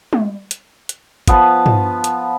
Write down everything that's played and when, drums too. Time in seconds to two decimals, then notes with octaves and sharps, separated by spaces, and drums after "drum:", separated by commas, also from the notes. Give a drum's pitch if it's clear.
0.13 drum: tom
0.51 drum: hi-hat
0.89 drum: hi-hat
1.28 F3 B3 A5, drum: kick, hi-hat
1.66 drum: tom
2.04 drum: hi-hat